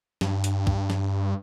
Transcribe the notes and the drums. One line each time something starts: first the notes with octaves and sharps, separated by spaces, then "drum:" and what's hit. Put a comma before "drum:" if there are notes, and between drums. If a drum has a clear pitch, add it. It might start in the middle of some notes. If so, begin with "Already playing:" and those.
G2, drum: snare
drum: hi-hat
drum: kick
drum: snare